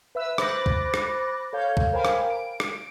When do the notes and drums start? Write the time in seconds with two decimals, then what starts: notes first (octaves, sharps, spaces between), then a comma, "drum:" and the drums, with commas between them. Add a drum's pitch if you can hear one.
0.15 B4 E5 E6
0.38 C5 B5 D6 F#6 A6 A#6, drum: rim click
0.66 drum: kick
0.94 drum: rim click
1.53 A4 C#5 F5 G6
1.77 drum: kick
1.93 A#4 C5 F5 G5 G#5 B5
2.05 drum: rim click
2.30 D7
2.60 drum: rim click